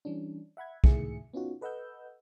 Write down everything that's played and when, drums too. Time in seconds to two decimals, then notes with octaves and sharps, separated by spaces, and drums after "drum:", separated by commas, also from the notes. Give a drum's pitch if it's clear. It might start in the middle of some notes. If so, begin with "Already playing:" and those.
0.05 E3 G3 C#4 D4
0.57 E5 F#5 B5 G#6
0.84 C#2 A2 D#3 G#4 E5 C#7, drum: kick
1.34 B3 C#4 D#4 F4 F#4
1.61 A4 B4 D#5 F#5 E6 G6